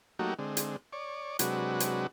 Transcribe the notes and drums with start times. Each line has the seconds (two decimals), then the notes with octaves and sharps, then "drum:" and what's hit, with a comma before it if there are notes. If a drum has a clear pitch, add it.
0.19 F#3 A3 A#3 D#4 F#4 G4
0.39 D3 G#3 C4
0.57 drum: hi-hat
0.93 C#5 D5
1.39 C3 F#3 G#3 D4 F#4 B4, drum: hi-hat
1.80 drum: hi-hat